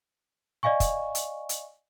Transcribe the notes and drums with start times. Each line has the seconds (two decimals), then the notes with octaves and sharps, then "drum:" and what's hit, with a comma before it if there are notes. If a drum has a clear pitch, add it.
0.63 D5 D#5 F5 G#5 C#6
0.80 drum: kick, hi-hat
1.15 drum: hi-hat
1.49 drum: hi-hat